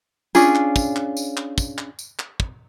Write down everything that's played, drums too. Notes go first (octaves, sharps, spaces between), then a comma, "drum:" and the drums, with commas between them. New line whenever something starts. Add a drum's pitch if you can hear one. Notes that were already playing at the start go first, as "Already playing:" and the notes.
C#4 D4 F4 G#4, drum: tambourine
drum: clap
drum: kick, tambourine
drum: clap
drum: tambourine
drum: clap
drum: kick, tambourine
drum: clap
drum: tambourine
drum: clap
drum: kick